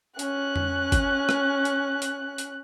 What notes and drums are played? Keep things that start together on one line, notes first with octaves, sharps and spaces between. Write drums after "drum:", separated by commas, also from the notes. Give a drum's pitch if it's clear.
C#4 F#6, drum: hi-hat
drum: tom F2
drum: kick G1, hi-hat
drum: rim click
drum: hi-hat
drum: hi-hat
drum: hi-hat